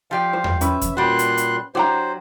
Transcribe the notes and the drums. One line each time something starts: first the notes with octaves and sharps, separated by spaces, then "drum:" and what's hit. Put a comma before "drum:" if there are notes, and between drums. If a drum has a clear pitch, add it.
F3 G4 D5 F5
C5
drum: tom E2
C#4 B4 E5, drum: hi-hat
drum: kick E2, hi-hat
A#2 G3 F#4 C6 F#6
drum: hi-hat
drum: hi-hat
F#3 D4 G4 C5 F#5 A#5